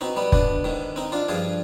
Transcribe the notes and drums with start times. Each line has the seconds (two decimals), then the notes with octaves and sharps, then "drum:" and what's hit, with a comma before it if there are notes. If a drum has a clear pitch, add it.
0.01 B2 C4 D#4
0.16 G3 B3
0.32 B3 D4, drum: kick
0.64 G#2 D#3
0.96 C4 D#4
1.12 D4 F4
1.28 G2 F3 F4 G#4